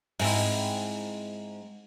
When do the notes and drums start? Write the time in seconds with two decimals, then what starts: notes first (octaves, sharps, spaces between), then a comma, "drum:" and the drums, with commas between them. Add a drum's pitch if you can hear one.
0.20 G#2 C4 E4, drum: open hi-hat